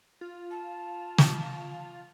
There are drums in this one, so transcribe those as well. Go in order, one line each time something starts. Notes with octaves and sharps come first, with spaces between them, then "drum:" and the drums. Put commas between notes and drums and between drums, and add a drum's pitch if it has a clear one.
F4
A5
drum: snare